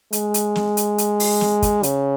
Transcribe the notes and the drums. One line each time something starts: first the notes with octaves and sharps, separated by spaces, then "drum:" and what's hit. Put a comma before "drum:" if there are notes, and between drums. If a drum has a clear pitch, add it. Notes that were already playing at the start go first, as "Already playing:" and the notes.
G#3, drum: hi-hat
drum: hi-hat
drum: snare
drum: hi-hat
drum: hi-hat
drum: open hi-hat
drum: snare
drum: kick, hi-hat
C#3, drum: hi-hat